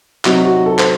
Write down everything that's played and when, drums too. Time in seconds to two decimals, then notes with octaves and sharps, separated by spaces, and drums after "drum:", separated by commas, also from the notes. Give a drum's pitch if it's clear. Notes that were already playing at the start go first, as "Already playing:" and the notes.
0.25 C3 F#3 C4 D#4 F#4, drum: clap
0.45 F#4
0.66 A4
0.79 C5, drum: clap